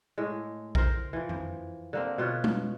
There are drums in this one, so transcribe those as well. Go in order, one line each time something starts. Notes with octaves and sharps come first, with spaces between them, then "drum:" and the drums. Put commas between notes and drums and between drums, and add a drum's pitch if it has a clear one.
A2 G#3
A#4 C5, drum: kick A#1
E3 F3
drum: tom F#2
D3 A#3 C4
B2 F4 B4 C#5
drum: tom G#3